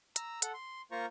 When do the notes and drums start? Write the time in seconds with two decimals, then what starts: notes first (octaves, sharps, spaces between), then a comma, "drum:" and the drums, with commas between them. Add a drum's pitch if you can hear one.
0.16 A#5 E6, drum: hi-hat
0.42 A4 F#5, drum: hi-hat
0.54 C6
0.91 A#3 F4 C5 A#5 C#6